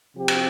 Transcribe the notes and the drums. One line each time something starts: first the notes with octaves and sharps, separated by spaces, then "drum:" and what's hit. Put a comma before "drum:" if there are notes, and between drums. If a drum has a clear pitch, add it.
C3 F3 C4 G4
drum: cymbal